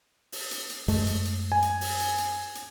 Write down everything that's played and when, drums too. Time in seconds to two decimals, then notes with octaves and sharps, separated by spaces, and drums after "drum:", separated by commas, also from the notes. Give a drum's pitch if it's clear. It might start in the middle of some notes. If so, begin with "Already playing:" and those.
0.32 drum: open hi-hat
0.51 drum: hi-hat
0.69 drum: hi-hat
0.88 F#2 G#3 A3, drum: open hi-hat
1.07 drum: hi-hat
1.25 drum: hi-hat
1.52 G#5
1.62 drum: hi-hat
1.81 drum: open hi-hat
1.99 drum: hi-hat
2.18 drum: hi-hat
2.55 drum: hi-hat